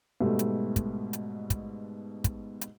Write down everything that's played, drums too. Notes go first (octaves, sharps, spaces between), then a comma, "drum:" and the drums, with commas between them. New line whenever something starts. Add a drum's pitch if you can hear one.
G#2 B2 G3 A3
drum: hi-hat
drum: kick, hi-hat
drum: hi-hat
drum: kick, hi-hat
drum: kick, hi-hat
drum: hi-hat